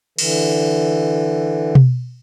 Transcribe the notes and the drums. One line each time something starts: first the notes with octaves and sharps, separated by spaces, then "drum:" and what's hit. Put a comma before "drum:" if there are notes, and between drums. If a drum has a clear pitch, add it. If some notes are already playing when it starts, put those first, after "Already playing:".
D3 E3, drum: cymbal
drum: tom B2